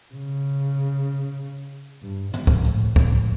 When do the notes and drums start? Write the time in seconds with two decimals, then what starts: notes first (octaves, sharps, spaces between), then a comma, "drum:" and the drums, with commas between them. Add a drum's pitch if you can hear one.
0.15 C#3
2.02 G2
2.33 G#2, drum: tom
2.47 drum: kick
2.64 A2, drum: hi-hat
2.96 A2, drum: kick